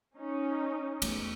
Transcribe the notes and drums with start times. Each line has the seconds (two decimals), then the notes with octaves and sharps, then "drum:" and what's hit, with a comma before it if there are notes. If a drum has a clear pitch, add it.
0.16 C#4 D#4
1.02 E2 A3, drum: cymbal